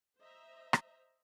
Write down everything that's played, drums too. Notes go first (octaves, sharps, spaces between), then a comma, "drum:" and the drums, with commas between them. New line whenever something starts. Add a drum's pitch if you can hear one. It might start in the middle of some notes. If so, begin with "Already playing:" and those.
C5 D#5 E5 A#5
drum: rim click